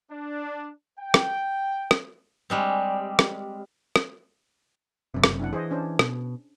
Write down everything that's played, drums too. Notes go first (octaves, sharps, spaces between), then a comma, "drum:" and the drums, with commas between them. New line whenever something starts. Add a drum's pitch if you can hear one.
D4
G5
drum: rim click
drum: rim click
G3 G#3 C4
drum: rim click
drum: rim click
F#1 F#2 C3
drum: rim click
D4 E4 F#5
E3 G#4 C5 D#5
C#4 D4 C5
B2, drum: rim click